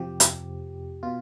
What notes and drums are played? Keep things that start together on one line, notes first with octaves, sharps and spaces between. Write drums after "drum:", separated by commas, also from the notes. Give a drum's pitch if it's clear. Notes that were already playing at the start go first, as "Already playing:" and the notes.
Already playing: F2 C3 F3 G4
drum: hi-hat
B2 F4